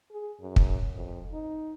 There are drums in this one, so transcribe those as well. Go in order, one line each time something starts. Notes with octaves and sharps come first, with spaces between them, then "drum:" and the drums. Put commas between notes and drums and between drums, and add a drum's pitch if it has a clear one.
G#4
F#2
drum: kick
F2
D#4